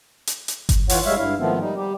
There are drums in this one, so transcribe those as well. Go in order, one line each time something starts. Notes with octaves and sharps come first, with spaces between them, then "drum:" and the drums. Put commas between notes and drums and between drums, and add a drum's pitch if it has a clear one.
drum: hi-hat
drum: hi-hat
drum: kick G1, hi-hat
E3 F4 C#5 F#5, drum: open hi-hat
G3 G#3 C#5 E5 F5
G2 E4 F5
G#2 D#3 F3 A3 B3 C4
G3 D#4
G3 G4